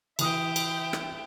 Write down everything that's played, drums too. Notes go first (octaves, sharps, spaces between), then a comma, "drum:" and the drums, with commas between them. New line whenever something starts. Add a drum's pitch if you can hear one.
E3 E5 G5 D#6, drum: cymbal
drum: cymbal
drum: rim click